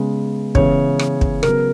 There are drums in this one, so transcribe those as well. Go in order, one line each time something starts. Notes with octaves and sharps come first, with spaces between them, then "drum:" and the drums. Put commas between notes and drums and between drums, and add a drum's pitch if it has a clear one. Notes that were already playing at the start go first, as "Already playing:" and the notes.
Already playing: C#3 G#3 B3
C#3 E3 B3 C#5, drum: kick
drum: rim click
drum: kick
C#3 F#3 B3 A#4, drum: rim click